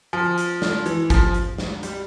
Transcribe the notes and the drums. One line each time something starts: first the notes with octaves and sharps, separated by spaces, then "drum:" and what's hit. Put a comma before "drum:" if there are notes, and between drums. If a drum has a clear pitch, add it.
F3
drum: hi-hat
drum: snare
E3, drum: hi-hat
F3, drum: kick G#1, hi-hat
drum: hi-hat
drum: snare
G3, drum: hi-hat